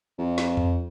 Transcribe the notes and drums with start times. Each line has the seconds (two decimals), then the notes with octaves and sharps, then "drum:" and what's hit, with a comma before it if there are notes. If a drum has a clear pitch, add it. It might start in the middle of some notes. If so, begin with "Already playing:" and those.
0.18 F2
0.38 drum: snare
0.57 drum: tom E2